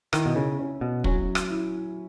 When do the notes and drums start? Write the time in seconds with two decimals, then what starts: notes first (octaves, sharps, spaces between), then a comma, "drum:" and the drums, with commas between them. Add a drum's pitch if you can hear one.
0.13 D#3 E4, drum: rim click
0.26 B2
0.36 C#3
0.59 C#4
0.81 B2
1.04 F#3 C#4, drum: kick
1.35 drum: rim click
1.50 E4